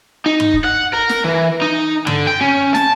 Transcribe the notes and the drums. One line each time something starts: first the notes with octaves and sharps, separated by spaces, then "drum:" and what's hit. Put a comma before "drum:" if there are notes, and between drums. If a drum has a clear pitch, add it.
D#4
drum: tom G2
drum: kick
F#5
A#4
drum: snare
E3
D#4
D3, drum: tom G2
G5
C#4
A5, drum: snare